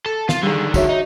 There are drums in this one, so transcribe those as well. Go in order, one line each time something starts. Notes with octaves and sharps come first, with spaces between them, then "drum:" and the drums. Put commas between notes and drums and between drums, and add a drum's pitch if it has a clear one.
A4
F4, drum: snare
D3 D#3 G3 G#4
F#4 C#5 E5, drum: kick, tambourine
D#4